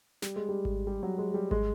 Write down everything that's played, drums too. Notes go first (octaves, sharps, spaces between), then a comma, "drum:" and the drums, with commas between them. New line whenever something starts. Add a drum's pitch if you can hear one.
G3, drum: snare
G#3
G3
drum: kick G#1
G3
F#3
G#3
G3
G#3, drum: kick G#1